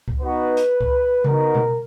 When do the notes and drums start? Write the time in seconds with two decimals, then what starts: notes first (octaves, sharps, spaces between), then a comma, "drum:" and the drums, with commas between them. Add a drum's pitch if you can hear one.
0.08 drum: kick C#2
0.21 B3 D#4 F#4 B4
0.57 drum: hi-hat
0.81 drum: kick C#2
1.24 B3 D#4 F#4 A#4, drum: tom C#3
1.55 drum: tom B2